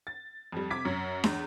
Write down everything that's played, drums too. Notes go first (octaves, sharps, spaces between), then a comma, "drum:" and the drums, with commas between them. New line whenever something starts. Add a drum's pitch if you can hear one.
A6
F2 G3
C3 D6 G#6 B6
F#2
E2, drum: snare D4